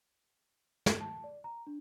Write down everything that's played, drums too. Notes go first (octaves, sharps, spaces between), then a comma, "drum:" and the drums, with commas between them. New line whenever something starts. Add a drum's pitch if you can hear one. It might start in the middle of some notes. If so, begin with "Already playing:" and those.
drum: snare
A5
D5
A#5
D4